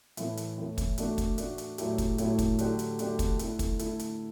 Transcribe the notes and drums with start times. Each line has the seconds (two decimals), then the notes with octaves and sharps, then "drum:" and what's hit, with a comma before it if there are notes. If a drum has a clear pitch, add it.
0.17 A2 E3 A3, drum: hi-hat
0.37 drum: hi-hat
0.58 A2 E3 A3
0.78 drum: kick, hi-hat
0.98 A3 D4 F#4, drum: hi-hat
1.18 drum: kick, hi-hat
1.38 A3 D4 F#4, drum: hi-hat
1.58 drum: hi-hat
1.78 A2 F#3 A3 E4 G4, drum: hi-hat
1.98 drum: kick, hi-hat
2.18 A2 F#3 A3 E4 G4, drum: hi-hat
2.39 drum: kick, hi-hat
2.59 D3 F#3 A3 D4 G4, drum: hi-hat
2.79 drum: hi-hat
2.99 D3 F#3 A3 D4 G4, drum: hi-hat
3.19 drum: kick, hi-hat
3.39 D3 A3 E4 A4, drum: hi-hat
3.59 drum: kick, hi-hat
3.79 D3 A3 E4 A4, drum: hi-hat
3.99 drum: hi-hat